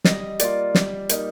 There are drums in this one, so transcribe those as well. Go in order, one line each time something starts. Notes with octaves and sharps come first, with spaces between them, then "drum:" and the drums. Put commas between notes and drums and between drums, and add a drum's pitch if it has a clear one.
G3 D#5, drum: snare
A#3 F4 D5, drum: hi-hat
G3, drum: snare
A#3 D#4, drum: hi-hat